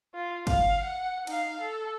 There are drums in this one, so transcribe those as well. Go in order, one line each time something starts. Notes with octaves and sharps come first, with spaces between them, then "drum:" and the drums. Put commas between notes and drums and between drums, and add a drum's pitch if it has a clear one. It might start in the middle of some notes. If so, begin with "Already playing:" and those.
F4
F5, drum: kick, cymbal
F#5
D#4 F5, drum: cymbal
A4